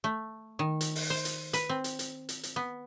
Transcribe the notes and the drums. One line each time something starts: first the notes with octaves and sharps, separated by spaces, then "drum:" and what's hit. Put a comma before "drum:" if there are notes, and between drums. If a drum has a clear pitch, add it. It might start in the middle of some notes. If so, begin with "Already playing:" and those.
A3
D#3
drum: hi-hat
drum: open hi-hat
C5
drum: hi-hat
B4, drum: hi-hat
C4
drum: hi-hat
drum: hi-hat
drum: hi-hat
drum: hi-hat
B3